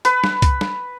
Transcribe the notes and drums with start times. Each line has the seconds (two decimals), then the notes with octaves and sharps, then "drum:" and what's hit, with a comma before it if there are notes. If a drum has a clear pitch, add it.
0.05 B4, drum: hi-hat
0.24 drum: snare
0.42 drum: kick C2, hi-hat
0.61 drum: snare